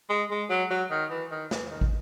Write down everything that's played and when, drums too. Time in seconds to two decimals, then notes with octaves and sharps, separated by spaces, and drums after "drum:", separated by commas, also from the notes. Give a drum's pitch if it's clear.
0.10 G#3
0.31 G#3
0.50 F#3
0.71 F#3
0.91 D#3
1.10 E3
1.31 D#3
1.51 E3, drum: snare
1.71 D#3
1.81 drum: kick